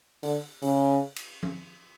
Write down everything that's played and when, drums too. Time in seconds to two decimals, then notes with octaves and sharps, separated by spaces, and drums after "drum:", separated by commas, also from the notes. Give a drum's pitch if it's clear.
0.23 D3, drum: open hi-hat
0.62 C#3, drum: open hi-hat
1.16 drum: cymbal
1.43 drum: tom F3